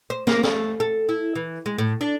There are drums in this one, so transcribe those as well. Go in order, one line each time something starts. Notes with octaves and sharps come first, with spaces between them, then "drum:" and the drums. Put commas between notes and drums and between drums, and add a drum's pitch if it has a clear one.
C5
A#3, drum: snare
A3, drum: snare
A4
E4
E3
G#3
A2
D4